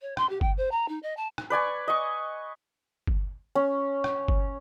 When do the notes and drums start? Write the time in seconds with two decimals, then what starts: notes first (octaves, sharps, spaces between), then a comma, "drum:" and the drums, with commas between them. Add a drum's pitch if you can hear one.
0.02 C#5
0.17 C6, drum: rim click
0.29 G4
0.41 G5, drum: kick G1
0.57 C5
0.71 A#5
0.88 D#4
1.03 D#5
1.17 A5
1.38 drum: rim click
1.50 B4 D5 G#5 C#6
1.88 D#5 C#6
3.07 drum: kick G1
3.55 C#4
4.04 drum: rim click
4.28 drum: kick G1